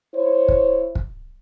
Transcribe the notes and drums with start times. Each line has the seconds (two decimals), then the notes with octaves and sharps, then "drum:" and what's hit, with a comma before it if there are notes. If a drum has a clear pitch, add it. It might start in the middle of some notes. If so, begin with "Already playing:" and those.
0.15 E4 C5 C#5
0.48 drum: kick
0.95 drum: kick